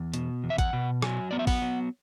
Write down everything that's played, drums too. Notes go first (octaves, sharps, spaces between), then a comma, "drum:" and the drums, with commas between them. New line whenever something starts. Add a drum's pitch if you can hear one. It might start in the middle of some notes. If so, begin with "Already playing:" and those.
Already playing: E2
B2, drum: hi-hat
E2
E5
F#5, drum: kick G#1, hi-hat
B2
F#3 G#5, drum: rim click
B3 D5
E5
F#5, drum: kick G#1, open hi-hat
F#3